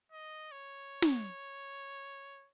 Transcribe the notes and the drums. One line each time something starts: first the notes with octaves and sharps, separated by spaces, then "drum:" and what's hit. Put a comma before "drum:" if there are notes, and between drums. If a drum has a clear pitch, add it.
D#5
C#5
drum: snare